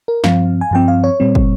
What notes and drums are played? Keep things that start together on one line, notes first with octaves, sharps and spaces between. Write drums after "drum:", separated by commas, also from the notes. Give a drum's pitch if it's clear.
A#4
G2 F3 C4 F5, drum: snare
G#5
G2 F3 C4 G5
F5
C#5
A#2 G3 C4
drum: kick